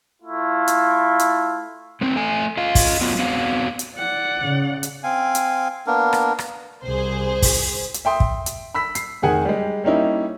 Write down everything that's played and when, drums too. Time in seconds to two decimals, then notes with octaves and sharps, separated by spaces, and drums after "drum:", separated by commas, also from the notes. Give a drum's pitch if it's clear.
0.22 A3 E4 F4
0.68 drum: hi-hat
1.19 drum: hi-hat
2.01 G#3 B3 C4
2.16 A3 G#5
2.57 F4 D#5 F5
2.75 drum: kick, open hi-hat
3.01 F#3 B3 F4
3.19 B3 C4 F#4 F5
3.79 drum: hi-hat
3.98 D5 F#5
4.39 C#3
4.83 drum: hi-hat
5.04 C4 F5 G#5
5.35 drum: hi-hat
5.87 A#3 B3 D4 A#4
6.13 drum: rim click
6.39 drum: rim click
6.84 C2 G#4 C5
7.42 drum: kick, open hi-hat
7.94 drum: hi-hat
8.05 E5 G5 C6 D#6
8.20 drum: kick
8.46 drum: hi-hat
8.74 B5 E6 B6
8.95 C7, drum: hi-hat
9.22 F1 D#3 G#4 F#5 G#5
9.45 G3 G#3
9.84 G3 A#3 C#4 D#4 E4